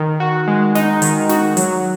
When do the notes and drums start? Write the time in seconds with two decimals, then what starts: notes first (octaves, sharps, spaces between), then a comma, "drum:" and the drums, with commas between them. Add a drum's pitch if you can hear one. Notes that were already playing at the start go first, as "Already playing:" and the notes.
Already playing: D#3
0.20 F#4
0.47 G#3
0.75 D#4, drum: snare
1.02 D#3, drum: hi-hat
1.29 F#4, drum: snare
1.57 F#3, drum: hi-hat